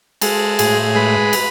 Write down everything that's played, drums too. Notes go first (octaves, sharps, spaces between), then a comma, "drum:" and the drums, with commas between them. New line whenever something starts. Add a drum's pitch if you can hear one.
G#3 A4, drum: cymbal
A2 G#4, drum: cymbal
G#3 B4
drum: cymbal